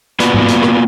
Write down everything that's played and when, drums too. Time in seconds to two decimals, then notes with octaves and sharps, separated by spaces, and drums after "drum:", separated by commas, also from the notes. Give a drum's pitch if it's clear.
0.20 A#3 B3 F4 F#4 B4 D5, drum: hi-hat
0.34 drum: tom G#2
0.48 drum: hi-hat
0.63 drum: rim click